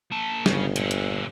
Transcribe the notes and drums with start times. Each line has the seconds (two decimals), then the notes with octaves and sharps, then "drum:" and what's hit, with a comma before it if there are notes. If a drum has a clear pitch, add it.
0.11 A#3 A5
0.46 G1 C#3, drum: snare
0.76 A#2 D3, drum: hi-hat
0.91 drum: hi-hat